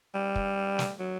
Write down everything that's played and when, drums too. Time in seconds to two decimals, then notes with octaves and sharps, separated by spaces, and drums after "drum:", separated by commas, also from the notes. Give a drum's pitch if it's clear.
0.14 G3
0.35 drum: kick
0.79 drum: snare
1.00 F#3